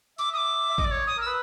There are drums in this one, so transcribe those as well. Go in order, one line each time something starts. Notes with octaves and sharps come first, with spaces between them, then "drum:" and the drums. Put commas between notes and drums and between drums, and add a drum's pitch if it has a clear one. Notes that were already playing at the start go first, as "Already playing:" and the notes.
E5 D6, drum: tambourine
D#6
D6
E5
D#5, drum: kick
D5
C#5
D#6
A#4
E6
B4